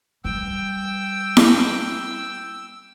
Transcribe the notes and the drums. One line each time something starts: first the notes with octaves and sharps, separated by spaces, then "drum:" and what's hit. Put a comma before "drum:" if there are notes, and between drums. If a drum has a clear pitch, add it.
G3 G5 E6
drum: snare E4